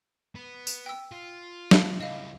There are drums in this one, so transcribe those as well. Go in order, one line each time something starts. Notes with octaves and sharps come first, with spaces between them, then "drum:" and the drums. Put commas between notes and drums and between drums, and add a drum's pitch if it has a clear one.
B3
drum: tambourine
G5 E6
F4
F5 A5 B5, drum: snare
C#2 E4 D#5 F5